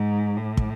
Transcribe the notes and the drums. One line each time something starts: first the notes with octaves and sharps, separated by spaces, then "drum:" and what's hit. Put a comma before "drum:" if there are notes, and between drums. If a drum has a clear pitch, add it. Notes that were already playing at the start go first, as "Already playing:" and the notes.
Already playing: G#2
A2
drum: kick